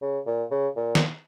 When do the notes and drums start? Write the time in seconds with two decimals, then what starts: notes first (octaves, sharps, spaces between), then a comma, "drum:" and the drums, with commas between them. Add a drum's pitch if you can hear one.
0.02 C#3
0.26 A#2
0.51 C#3
0.76 A#2
0.95 drum: snare